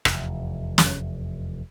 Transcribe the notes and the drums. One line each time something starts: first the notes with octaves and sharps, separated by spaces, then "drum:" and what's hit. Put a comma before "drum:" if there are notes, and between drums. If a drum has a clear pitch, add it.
F1 E2, drum: rim click
drum: snare